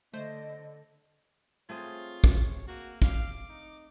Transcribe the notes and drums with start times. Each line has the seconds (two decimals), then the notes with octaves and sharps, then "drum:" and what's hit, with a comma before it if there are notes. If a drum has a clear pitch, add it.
0.14 D3 A3 C5 D#5
1.69 A3 C4 F4 G#4 C#5
2.24 drum: kick
2.68 A#3 F#4
3.02 F5 D6, drum: kick
3.49 D#4